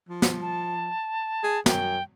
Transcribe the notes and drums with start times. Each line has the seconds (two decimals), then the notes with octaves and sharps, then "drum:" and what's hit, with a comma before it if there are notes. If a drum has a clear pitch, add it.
0.09 F3
0.22 drum: snare
0.41 A5
1.43 G#4
1.66 F#2 G5, drum: snare